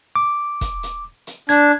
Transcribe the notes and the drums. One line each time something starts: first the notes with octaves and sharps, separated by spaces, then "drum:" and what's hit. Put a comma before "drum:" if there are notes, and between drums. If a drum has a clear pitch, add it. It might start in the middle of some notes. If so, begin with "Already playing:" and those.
D6
drum: kick, hi-hat
drum: hi-hat
drum: hi-hat
D4 G#6, drum: hi-hat